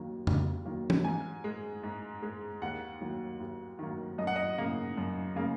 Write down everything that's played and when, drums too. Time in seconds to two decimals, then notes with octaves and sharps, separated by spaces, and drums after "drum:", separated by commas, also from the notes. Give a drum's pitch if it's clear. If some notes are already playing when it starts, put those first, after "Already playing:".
Already playing: D#2 D#3 F#3 A#3
0.27 D#2, drum: tom F2
0.65 D#3 F#3 A#3
0.90 drum: tom E3
1.04 G#2 G#5
1.44 G#3
1.83 G#2
2.22 G#3
2.62 D#2 F#5
3.01 D#3 F#3 A#3
3.40 D#2
3.79 D#3 F#3 A#3
4.18 F#2 D#5
4.27 F#5
4.36 D#5
4.58 C#3 A#3
4.97 F#2
5.36 C#3 A#3